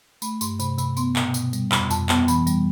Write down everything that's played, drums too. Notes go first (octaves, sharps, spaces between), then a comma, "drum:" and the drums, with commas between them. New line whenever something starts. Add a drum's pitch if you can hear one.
A3 B5, drum: tambourine
G2 C6, drum: tambourine
C3 B5, drum: tambourine
C3 B5, drum: tambourine
B3 C6, drum: tambourine
B2, drum: clap
B2, drum: tambourine
G3, drum: tambourine
F2 B5, drum: clap
F2 A5, drum: tambourine
B3 A5, drum: clap
E3 B5, drum: tambourine
G3, drum: tambourine